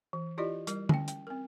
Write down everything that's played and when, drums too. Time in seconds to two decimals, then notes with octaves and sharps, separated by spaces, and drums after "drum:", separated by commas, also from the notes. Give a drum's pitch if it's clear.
0.13 E3
0.38 E4 F4 G4 D5 D#5
0.67 G3 A#4, drum: hi-hat
0.89 C#4 G5, drum: tom
1.08 G5, drum: hi-hat
1.27 C4 A#4